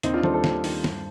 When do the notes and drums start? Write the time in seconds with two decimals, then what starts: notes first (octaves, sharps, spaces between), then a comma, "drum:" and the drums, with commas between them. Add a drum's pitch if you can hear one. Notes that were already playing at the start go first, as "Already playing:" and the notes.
0.03 D#2 C4 D#4, drum: hi-hat
0.14 D4 F4
0.23 D#3 G3 A4 C5, drum: tom D#3
0.34 A4 C5
0.44 D#2, drum: snare
0.64 D#3 G3, drum: open hi-hat
0.84 G2, drum: snare